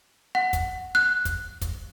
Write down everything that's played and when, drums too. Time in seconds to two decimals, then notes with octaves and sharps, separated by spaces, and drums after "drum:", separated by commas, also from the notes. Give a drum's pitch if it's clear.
0.35 F#5
0.53 drum: kick, hi-hat
0.95 F#6
1.25 drum: kick, hi-hat
1.61 drum: kick, hi-hat